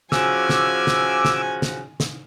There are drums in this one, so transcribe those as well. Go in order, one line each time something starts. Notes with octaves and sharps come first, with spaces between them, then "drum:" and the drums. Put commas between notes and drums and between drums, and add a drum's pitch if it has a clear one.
C#3 F3 F#4 G#5 D6 E6, drum: snare
drum: snare
drum: snare
drum: snare
drum: snare
drum: snare